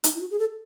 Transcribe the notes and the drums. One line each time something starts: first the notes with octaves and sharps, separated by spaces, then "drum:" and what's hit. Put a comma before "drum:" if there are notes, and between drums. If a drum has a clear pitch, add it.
D#4, drum: hi-hat
E4
F#4
G#4
A4